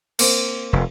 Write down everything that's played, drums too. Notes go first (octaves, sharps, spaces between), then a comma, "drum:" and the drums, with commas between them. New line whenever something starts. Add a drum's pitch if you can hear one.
A#3 C4, drum: cymbal
F1